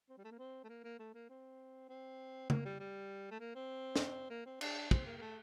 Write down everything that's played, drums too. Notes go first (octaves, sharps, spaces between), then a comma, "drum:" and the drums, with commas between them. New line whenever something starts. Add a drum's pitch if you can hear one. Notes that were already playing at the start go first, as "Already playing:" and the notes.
C4
G3
A3
A#3
C4
A3
A#3
A#3
A3
A#3
C4
C4
A#3, drum: tom
G3
G3
A3
A#3
C4
drum: snare
A#3
C4
D4, drum: cymbal
C4, drum: kick
A#3
A#3
A3